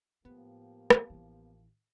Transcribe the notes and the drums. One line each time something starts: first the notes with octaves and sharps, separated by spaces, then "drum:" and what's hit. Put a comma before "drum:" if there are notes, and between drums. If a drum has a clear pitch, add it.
A2 F3 A#3 B3 G4
drum: rim click
A1 E3